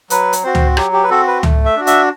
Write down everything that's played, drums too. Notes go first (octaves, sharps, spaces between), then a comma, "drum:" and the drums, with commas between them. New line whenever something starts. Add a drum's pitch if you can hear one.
F#3 B4, drum: hi-hat
drum: hi-hat
C4 F#4 C5
drum: tom C#2
F#3 G4, drum: rim click
G4
B4
C4 F#4 A4
B4
A3, drum: tom C#2
E5
D4 F#4
E5, drum: hi-hat